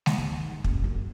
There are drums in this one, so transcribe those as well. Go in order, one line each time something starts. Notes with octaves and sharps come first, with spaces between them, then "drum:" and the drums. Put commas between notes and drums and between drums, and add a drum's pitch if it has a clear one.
drum: snare G#3
D#2
G#2
F#1, drum: kick
F#2